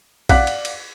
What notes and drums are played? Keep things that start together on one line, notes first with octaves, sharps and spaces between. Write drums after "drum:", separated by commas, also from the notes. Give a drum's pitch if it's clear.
D5 F5 F#5 D6 F#6 B6, drum: kick A#1, cymbal
drum: cymbal
drum: cymbal